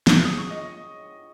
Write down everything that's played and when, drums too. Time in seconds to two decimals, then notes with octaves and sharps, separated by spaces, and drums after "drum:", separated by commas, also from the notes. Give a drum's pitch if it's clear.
0.07 drum: snare
0.24 F3 G#3 C#4 D#6
0.38 C#6
0.50 D#5